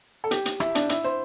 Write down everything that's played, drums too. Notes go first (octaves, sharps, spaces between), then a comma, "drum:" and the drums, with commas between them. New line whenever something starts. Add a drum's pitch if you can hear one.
A4
G4, drum: hi-hat
drum: hi-hat
E4, drum: rim click
D4, drum: hi-hat
E4, drum: hi-hat
C5